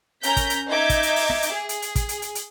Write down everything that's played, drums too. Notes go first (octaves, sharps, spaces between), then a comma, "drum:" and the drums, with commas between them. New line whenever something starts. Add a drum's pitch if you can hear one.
C#4 A#4 A#5 G6 B6, drum: hi-hat
drum: kick, hi-hat
drum: hi-hat
D#4 E5 D6 G6 G#6
drum: kick, hi-hat
drum: hi-hat
drum: open hi-hat
drum: snare
drum: hi-hat
G#4
drum: hi-hat
drum: hi-hat
drum: kick, hi-hat
drum: hi-hat
drum: hi-hat
drum: hi-hat